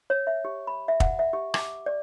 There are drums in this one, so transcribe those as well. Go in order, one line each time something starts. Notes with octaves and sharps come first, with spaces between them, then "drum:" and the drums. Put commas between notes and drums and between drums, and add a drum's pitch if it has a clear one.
C#5
E5
G4
B5
E5
F#5, drum: kick
E5
G4
D6, drum: rim click
D5